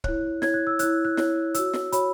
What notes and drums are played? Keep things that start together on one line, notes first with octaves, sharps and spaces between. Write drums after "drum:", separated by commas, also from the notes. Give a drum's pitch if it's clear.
E4 C#5 F#6, drum: kick
E4 C#5 G#6, drum: snare
F#6
E6
E4 C#5 F#6, drum: hi-hat
F#6
E4 C#5, drum: snare
F#4 C#5 E6, drum: hi-hat
drum: snare
F#4 C#5 B5, drum: hi-hat